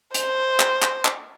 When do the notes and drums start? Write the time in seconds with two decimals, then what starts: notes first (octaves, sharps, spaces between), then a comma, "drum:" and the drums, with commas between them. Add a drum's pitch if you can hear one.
0.14 C5, drum: hi-hat
0.60 drum: clap
0.82 drum: clap
1.05 drum: clap